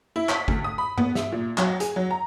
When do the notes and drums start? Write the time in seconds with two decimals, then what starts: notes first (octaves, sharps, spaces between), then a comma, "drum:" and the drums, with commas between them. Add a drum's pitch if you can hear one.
0.16 E4
0.29 B6, drum: clap
0.48 D2, drum: kick
0.64 D#6
0.78 B5
0.98 B3, drum: tom G2
1.15 E5, drum: snare
1.32 A#2
1.58 F#3, drum: clap
1.80 G#4, drum: hi-hat
1.96 F#3
2.11 A#5